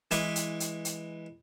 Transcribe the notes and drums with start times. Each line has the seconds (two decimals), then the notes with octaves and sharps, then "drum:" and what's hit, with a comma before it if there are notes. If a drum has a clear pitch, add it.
0.11 E3 G#3 E4 B4 D6, drum: hi-hat
0.36 drum: hi-hat
0.60 drum: hi-hat
0.85 drum: hi-hat